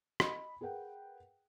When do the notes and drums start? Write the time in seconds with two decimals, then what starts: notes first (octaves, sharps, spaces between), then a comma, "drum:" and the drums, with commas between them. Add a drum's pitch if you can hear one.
0.20 D#5 B5, drum: rim click
0.61 G#4 A#4 B4 F#5 G5